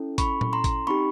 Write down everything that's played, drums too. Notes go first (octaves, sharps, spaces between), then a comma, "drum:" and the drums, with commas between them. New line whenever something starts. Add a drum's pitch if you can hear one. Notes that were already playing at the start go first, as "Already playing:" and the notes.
Already playing: C#4 E4 A4
B5 C#6, drum: kick G#1, hi-hat
drum: tom A#2
A#5 C6
drum: kick G#1, hi-hat
C4 D#4 G4 B5 C#6